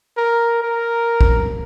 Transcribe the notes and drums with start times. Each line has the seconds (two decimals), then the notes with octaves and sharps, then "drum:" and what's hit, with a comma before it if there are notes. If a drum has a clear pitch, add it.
0.18 A#4
0.62 A#4
1.21 drum: kick